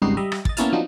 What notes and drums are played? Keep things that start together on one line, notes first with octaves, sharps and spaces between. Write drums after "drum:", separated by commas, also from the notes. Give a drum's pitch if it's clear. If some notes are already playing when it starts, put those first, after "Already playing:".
G#1 C#2 G3 D#4 F#4 C7
G3 D#5 E5
drum: rim click
D#5 A6, drum: kick
A#3 B3 C#4 E4 A5 F6, drum: hi-hat
F3 F#3 B3 C4 D4 D#4